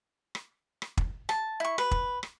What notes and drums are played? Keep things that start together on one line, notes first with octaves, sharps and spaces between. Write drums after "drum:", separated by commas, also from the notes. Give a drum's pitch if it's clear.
drum: rim click
drum: rim click
drum: kick
A5, drum: rim click
E4 C#6
B4, drum: rim click
drum: kick
drum: rim click